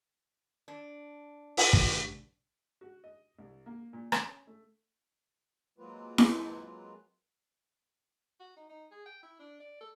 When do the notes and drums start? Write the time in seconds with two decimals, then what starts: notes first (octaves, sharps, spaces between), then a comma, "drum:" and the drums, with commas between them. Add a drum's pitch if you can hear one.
0.68 D4
1.57 drum: open hi-hat
1.73 G2, drum: kick
2.81 F#4
3.04 D#5
3.39 C2
3.66 A#3
3.93 A#2
4.12 C#4, drum: rim click
4.47 A3
5.78 F#3 G#3 A#3 C4 F4 B4
6.18 drum: snare E4
8.40 F#4
8.57 D#4
8.70 D#4
8.91 G#4
9.06 G5
9.23 E4
9.40 D4
9.60 D5
9.81 A4